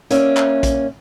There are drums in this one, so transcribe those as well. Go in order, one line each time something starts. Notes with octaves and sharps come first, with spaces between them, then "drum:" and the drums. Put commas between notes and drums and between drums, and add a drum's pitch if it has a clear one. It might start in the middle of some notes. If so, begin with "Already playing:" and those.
A#3 C#4 D5 E5, drum: hi-hat
drum: clap
drum: kick A#1, hi-hat